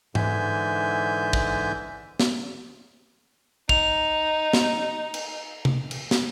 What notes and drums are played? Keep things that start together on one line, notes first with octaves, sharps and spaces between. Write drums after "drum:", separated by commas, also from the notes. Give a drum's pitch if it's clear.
G#2 D3 E3 E5 G#5 G6, drum: tom G#2
drum: kick
drum: snare
D#4 F7, drum: kick
drum: snare
drum: cymbal
drum: tom C3
drum: cymbal
drum: snare